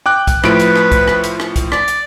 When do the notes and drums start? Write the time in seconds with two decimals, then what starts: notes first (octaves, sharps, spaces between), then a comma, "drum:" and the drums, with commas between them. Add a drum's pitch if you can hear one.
0.06 G5 D6 F#6
0.27 drum: kick C2, hi-hat
0.44 A2 F3 B4 D7, drum: rim click
0.60 drum: hi-hat
0.76 drum: rim click
0.92 drum: kick C2, hi-hat
1.08 drum: rim click
1.24 drum: hi-hat
1.40 drum: rim click
1.56 drum: kick C2, hi-hat
1.72 D5, drum: rim click
1.88 drum: hi-hat